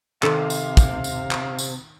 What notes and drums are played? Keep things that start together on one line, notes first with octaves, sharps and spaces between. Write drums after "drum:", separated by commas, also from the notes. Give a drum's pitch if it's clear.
C3 D#3 A4 F5, drum: clap
drum: tambourine
drum: kick, tambourine
drum: tambourine
drum: clap
drum: tambourine